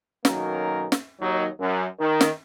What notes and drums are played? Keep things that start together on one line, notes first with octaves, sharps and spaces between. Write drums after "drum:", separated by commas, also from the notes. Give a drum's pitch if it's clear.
B1 D#3 F#3 A#3 C#4 A#4, drum: snare
drum: snare
D#2 F#3 D#4
F#2
D#3
drum: snare